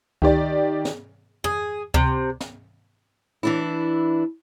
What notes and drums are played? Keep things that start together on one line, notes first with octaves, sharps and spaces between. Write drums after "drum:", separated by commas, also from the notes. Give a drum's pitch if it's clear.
D#3 G4 D5, drum: kick C#2
drum: snare
G#4, drum: tom
C3, drum: kick C#2
drum: snare
E3 D4 E4